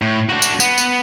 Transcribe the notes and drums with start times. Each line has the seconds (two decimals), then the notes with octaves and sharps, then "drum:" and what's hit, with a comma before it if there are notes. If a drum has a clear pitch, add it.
0.02 A2
0.29 D4 F#4
0.42 drum: tambourine
0.60 B3, drum: tambourine
0.78 drum: tambourine